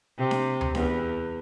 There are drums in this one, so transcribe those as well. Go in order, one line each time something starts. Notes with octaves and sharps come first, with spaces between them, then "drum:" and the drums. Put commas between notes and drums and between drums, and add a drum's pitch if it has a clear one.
C3
drum: snare D4
drum: tom D2
E2, drum: snare D4